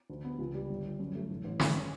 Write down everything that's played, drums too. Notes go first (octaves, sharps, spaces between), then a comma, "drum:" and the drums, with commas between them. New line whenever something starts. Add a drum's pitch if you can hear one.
D2
B3
C#2
G3
G1
G1
F#2
A3
A1
A1
G2, drum: snare
C#4